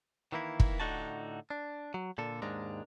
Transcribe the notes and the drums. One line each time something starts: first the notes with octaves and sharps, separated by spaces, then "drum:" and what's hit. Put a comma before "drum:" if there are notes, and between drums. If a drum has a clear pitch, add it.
D#3 E3 A#3 E4
drum: kick
A2 D3 D#4 F#4 A5
D4
F#3
A#2 D3 A4
D#2 G#2 G#3 D4 A#4